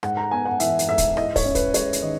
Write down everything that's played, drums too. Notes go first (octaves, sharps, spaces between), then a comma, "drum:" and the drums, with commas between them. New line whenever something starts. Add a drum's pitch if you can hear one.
G#2 F#5, drum: rim click
A#5
B3 G#5
F#5
E3 E5, drum: hi-hat
drum: hi-hat
G#2 E5
drum: kick, hi-hat
E4 D#5, drum: rim click
C#5, drum: kick, open hi-hat
C#4
B4, drum: kick, hi-hat
G#3 C#5, drum: hi-hat
drum: hi-hat
D#3 D#5